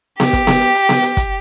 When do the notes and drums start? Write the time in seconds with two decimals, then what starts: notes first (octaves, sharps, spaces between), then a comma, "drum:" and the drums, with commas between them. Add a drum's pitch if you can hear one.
0.20 G4, drum: snare B3
0.33 drum: kick, hi-hat
0.47 drum: snare B3
0.61 drum: hi-hat
0.75 drum: hi-hat
0.89 drum: snare B3
1.03 drum: hi-hat
1.17 drum: kick, hi-hat